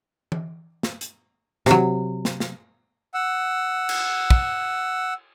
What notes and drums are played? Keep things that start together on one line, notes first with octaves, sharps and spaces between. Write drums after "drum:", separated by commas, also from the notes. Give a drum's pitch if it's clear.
drum: tom E3
drum: snare
drum: hi-hat
C3 F#3, drum: snare
drum: snare
drum: snare
F#5 E6
drum: cymbal
drum: kick